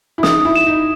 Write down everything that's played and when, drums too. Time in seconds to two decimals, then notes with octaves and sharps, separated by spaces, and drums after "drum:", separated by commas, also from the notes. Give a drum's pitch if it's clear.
0.18 E4
0.23 D#4 D#6, drum: snare
0.45 E4
0.56 E7
0.67 D#4